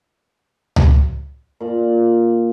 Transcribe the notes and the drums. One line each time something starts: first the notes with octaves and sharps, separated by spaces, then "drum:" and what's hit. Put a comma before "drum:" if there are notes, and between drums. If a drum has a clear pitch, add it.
drum: tom C#2
A#2 D5